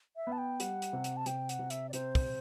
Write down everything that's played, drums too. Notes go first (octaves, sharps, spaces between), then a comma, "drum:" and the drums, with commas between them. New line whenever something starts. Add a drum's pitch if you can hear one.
E5
B3
A5
G5
G3 F#5, drum: hi-hat
drum: hi-hat
C3
drum: hi-hat
A5
C3 G5, drum: hi-hat
F#5, drum: hi-hat
C3
E5, drum: hi-hat
D5
C3 C5, drum: hi-hat
drum: kick, open hi-hat